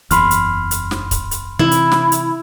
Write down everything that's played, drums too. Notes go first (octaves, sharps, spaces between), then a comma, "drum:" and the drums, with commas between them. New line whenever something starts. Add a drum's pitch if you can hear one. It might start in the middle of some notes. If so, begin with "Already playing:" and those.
F#1 E2 B5 C6 F6, drum: hi-hat
drum: hi-hat
drum: hi-hat
drum: snare
drum: kick, hi-hat
drum: hi-hat
C3 E3 E4
drum: hi-hat
drum: snare
drum: hi-hat